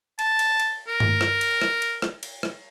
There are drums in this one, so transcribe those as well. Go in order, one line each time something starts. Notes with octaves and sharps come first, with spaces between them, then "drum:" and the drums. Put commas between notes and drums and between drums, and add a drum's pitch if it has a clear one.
A5, drum: cymbal
drum: cymbal
drum: cymbal
A#4
drum: tom G2
drum: rim click
drum: cymbal
drum: rim click
drum: cymbal
drum: rim click
drum: cymbal
drum: rim click